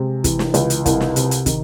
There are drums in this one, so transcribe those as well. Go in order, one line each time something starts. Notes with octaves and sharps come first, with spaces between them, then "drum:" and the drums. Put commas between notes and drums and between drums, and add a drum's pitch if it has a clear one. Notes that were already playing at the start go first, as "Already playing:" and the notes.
Already playing: C3 G#3
E3, drum: kick, hi-hat
drum: snare
C#2, drum: hi-hat
drum: hi-hat
C2, drum: kick, hi-hat
drum: snare
C3, drum: hi-hat
drum: hi-hat
D#3, drum: kick, hi-hat